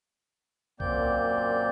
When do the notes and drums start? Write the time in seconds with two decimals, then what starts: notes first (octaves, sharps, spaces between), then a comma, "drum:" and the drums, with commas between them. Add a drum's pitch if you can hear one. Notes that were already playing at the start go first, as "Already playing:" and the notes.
0.80 F#2 A#2 A#3 C4 D5 G6, drum: kick B1